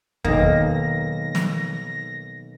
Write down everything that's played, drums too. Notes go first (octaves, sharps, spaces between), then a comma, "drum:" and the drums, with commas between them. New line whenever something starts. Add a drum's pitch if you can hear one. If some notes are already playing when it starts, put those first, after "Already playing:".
B1 D#3 A#3 A#6, drum: kick E2
drum: snare